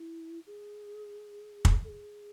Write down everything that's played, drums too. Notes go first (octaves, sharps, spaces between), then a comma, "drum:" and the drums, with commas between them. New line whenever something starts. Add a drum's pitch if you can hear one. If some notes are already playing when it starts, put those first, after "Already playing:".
Already playing: E4
G#4
drum: kick
A4
G#4